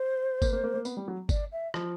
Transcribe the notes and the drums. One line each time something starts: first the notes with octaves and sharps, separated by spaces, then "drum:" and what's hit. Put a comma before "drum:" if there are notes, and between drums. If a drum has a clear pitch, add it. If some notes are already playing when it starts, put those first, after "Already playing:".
Already playing: C5
A#3, drum: kick G1, tambourine
A#3
A#3
A#3
B3, drum: tambourine
G3
F#3
D5, drum: kick G1, tambourine
E5
F3, drum: rim click